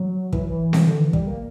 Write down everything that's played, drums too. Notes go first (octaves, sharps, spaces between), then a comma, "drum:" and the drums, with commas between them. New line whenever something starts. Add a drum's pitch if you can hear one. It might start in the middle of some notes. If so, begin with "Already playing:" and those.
Already playing: F#3
E3, drum: kick
drum: snare C4
D3
E3
G3, drum: kick
A#3